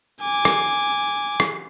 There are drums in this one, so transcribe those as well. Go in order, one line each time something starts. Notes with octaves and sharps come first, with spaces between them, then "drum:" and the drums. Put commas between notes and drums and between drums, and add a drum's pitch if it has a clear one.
G#5 D6
drum: rim click
drum: rim click